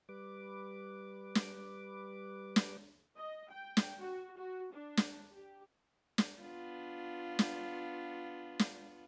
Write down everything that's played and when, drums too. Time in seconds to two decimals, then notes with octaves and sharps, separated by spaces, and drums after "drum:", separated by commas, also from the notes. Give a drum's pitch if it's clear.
0.09 G3 B4 D6
1.35 drum: snare
2.56 drum: snare
3.17 D#5
3.51 G5
3.77 drum: snare
3.99 F#4
4.37 F#4
4.73 D4
4.97 drum: snare
5.32 G4
6.18 drum: snare
6.41 B3 D4 F4
7.39 drum: snare
8.59 drum: snare